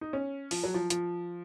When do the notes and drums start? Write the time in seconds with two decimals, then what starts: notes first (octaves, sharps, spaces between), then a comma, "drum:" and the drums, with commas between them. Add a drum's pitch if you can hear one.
0.01 D#4
0.13 C#4
0.51 F3, drum: open hi-hat
0.64 F#3
0.74 F3
0.90 F3, drum: hi-hat